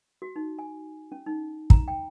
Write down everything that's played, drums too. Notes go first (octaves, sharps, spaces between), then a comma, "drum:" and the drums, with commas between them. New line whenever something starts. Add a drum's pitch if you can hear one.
F#4
D#4
G#5
C#4
D#4
A#5, drum: kick
G5